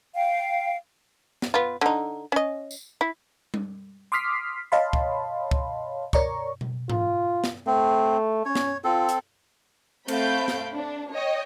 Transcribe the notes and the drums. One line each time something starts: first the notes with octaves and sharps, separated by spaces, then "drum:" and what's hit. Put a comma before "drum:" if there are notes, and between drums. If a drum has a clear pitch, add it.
F5 G5
drum: snare
B3 F4
D3 D#4
C#4 D#5
drum: tambourine
E4
drum: tom G3
C6 D6 D#6 F6 B6 C7
C#5 D#5 F5 A5 B5 C6
drum: kick
drum: kick
A#4 C#5 D5 A#5 C#6, drum: kick
drum: tom B2
F4, drum: tom G#2
drum: snare
A3 C4
C#4 C#5
drum: snare
C4 F4 A4
drum: hi-hat
A3 C4 F5 B5 G6 D7, drum: cymbal
drum: snare
D4
C#5 D#5 G5